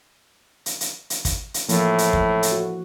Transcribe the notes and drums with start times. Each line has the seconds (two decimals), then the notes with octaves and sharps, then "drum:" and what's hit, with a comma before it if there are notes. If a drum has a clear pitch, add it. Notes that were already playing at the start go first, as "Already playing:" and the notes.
0.66 drum: hi-hat
0.81 drum: hi-hat
1.10 drum: hi-hat
1.25 drum: kick, hi-hat
1.54 drum: hi-hat
1.69 A2 E3 F3 A#3, drum: hi-hat
1.98 drum: hi-hat
2.13 drum: kick
2.43 drum: hi-hat
2.52 F#4